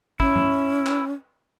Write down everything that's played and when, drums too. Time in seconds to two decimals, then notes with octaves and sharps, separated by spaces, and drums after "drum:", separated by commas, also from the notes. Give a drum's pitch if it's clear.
0.20 C#4 E4, drum: kick
0.36 drum: tom G2
0.86 drum: clap